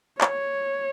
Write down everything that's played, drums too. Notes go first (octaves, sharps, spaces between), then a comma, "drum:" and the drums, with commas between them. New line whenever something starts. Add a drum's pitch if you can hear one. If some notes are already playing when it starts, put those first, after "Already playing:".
C#5, drum: clap